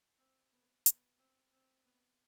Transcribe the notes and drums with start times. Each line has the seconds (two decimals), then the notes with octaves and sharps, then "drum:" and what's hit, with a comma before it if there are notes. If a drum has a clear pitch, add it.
0.18 C4
0.53 B3
0.86 B3, drum: hi-hat
1.18 C4
1.52 C4
1.85 B3